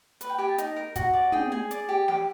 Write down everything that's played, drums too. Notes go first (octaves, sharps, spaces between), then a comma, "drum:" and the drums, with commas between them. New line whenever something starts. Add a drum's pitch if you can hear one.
B4, drum: hi-hat
G5
G4 G#5
A5
D#4, drum: hi-hat
A#4
F#4, drum: kick, hi-hat
D5
G#4 G5, drum: tom
G#4 G#5
D5, drum: hi-hat
G4
G4, drum: snare